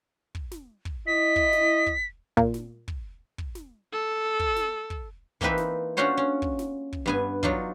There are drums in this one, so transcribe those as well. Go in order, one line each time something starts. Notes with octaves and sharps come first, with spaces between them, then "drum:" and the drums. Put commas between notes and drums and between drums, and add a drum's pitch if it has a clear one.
drum: kick
drum: snare
drum: kick
E4 D#5 B6
drum: kick
drum: snare
drum: kick
A#2, drum: kick
drum: snare
drum: kick
drum: kick
drum: snare
A4
drum: kick
drum: snare
drum: kick
E3 A#3 C4 D#4 B4 E5, drum: kick
drum: snare
C#4 D4 F4 F#4 C5 C#5
C#4
drum: kick
drum: snare
drum: kick
G2 B3 G#5
F#3 D4 D#4 F4, drum: kick